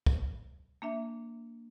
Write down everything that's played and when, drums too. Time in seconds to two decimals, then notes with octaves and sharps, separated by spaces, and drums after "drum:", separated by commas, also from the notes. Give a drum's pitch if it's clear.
0.06 drum: kick
0.82 A#3 D4 E5